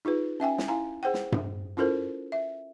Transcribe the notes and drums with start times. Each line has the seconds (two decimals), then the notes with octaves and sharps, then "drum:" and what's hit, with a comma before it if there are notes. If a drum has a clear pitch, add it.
0.05 D#4 F4 G#4 B4
0.40 C#4 E5 G5 G#5
0.58 drum: snare
0.68 E4 F5 G#5 A#5
1.03 G#4 C5 F#5 G5
1.14 drum: snare
1.32 drum: tom G2
1.77 C#4 E4 F4 A4 A#4 C5
2.32 E5